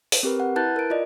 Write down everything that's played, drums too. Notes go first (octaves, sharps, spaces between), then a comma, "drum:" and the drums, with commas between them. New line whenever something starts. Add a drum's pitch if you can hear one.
drum: open hi-hat
C4 G4 A#4 B4
F#5
E4 B4 A5 F#6 G6 A6
A#4 D7
F4 D5 D#5